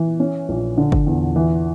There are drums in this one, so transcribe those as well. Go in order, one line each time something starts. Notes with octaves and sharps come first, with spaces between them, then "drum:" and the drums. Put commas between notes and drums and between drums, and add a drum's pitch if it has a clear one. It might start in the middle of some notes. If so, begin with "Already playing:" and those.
Already playing: E3
C#4
A#1
D3
drum: kick F#1
E2
E3